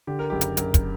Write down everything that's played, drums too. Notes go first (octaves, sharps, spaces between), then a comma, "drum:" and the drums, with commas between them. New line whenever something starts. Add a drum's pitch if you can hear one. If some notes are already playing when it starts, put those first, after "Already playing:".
D3 G4
A#4
F#1 G4
drum: hi-hat
F#1 A#4, drum: hi-hat
drum: kick, hi-hat